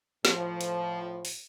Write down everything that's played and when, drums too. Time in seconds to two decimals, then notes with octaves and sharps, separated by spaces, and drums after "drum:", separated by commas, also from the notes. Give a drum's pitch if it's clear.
0.25 A2 F3, drum: snare
0.61 drum: hi-hat
1.25 drum: open hi-hat